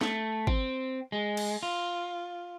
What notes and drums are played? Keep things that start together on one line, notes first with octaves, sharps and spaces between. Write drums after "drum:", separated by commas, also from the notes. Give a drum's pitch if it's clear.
A3, drum: snare
C4, drum: kick G#1
G#3
drum: cymbal
F4